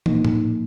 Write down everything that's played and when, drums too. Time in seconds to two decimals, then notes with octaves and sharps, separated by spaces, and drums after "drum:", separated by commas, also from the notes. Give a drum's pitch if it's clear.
0.06 A#2 F3 A#3 D#4, drum: tom
0.25 drum: tom A2